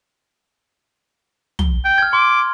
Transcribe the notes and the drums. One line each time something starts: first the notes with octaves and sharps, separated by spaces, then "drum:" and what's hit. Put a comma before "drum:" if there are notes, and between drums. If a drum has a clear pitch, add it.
G7, drum: tom
G5
F6 G#6
C6 D6